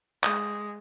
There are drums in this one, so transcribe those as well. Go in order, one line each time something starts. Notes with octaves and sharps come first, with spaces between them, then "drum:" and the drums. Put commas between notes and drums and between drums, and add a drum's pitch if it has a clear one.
G#3 D#6, drum: clap